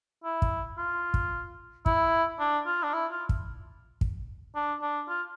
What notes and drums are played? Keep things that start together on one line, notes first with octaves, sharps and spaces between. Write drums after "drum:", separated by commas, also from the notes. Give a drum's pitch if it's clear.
E4
drum: kick
F4
drum: kick
E4, drum: kick
D4
F4
D4
E4
F4
drum: kick
drum: kick
D4
D4
F4